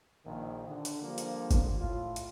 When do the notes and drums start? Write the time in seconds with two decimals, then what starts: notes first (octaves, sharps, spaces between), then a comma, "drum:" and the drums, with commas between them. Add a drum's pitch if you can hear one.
0.25 A#1 D#3
0.67 D3
0.85 drum: hi-hat
1.01 D3 F3 G3 A#3
1.18 drum: hi-hat
1.51 drum: kick F#1, hi-hat
1.78 A2 F4
2.16 drum: hi-hat